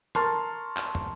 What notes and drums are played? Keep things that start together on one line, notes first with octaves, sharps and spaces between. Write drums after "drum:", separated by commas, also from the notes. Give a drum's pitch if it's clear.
A#4 A5 C6 C#6 F6 A6, drum: rim click
drum: clap
drum: tom